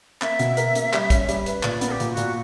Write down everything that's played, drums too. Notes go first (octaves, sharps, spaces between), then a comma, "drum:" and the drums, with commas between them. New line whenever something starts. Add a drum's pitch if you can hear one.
A#3 E5, drum: clap
B2, drum: hi-hat
A#4, drum: hi-hat
A#3, drum: hi-hat
G3, drum: clap
C#4, drum: kick, hi-hat
G3, drum: hi-hat
B4, drum: hi-hat
A#2 D5, drum: clap
B3, drum: hi-hat
A#4
G4
A#2, drum: hi-hat
F#4
A#2, drum: hi-hat